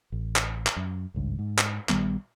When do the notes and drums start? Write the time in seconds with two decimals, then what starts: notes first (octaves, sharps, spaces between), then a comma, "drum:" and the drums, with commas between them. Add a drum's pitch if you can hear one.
0.12 A1
0.36 drum: clap
0.67 drum: clap
0.76 F#2
1.14 G#1 C#2 G2
1.39 G#2
1.58 drum: clap
1.89 A#1 D#3 G3 B3, drum: clap